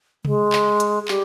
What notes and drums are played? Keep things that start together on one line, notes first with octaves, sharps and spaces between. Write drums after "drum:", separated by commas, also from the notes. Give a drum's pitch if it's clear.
G#3, drum: tom C3
drum: clap
drum: hi-hat
G3, drum: clap